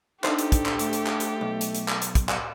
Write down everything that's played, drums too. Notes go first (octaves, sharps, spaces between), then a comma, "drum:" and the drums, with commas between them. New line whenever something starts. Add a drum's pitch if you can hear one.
D4 D#4 G4 A4 C5, drum: clap
drum: hi-hat
drum: kick, hi-hat
drum: clap
A3, drum: hi-hat
drum: hi-hat
drum: clap
drum: hi-hat
B1
drum: hi-hat
drum: hi-hat
drum: clap
drum: hi-hat
drum: kick, hi-hat
drum: clap